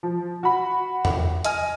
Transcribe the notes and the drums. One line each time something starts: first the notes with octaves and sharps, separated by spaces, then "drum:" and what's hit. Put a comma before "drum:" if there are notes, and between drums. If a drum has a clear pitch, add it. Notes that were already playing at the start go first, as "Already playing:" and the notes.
F3
F#4 B5
drum: tom E2
D#5 G#5 F6, drum: hi-hat